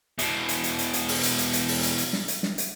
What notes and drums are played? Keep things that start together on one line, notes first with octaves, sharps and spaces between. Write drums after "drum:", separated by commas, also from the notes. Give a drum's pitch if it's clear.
E2 B2, drum: hi-hat
drum: hi-hat
drum: hi-hat
drum: hi-hat
drum: hi-hat
drum: open hi-hat
drum: hi-hat
drum: hi-hat
drum: hi-hat
drum: open hi-hat
drum: hi-hat
drum: hi-hat
drum: snare
drum: hi-hat
drum: snare
drum: hi-hat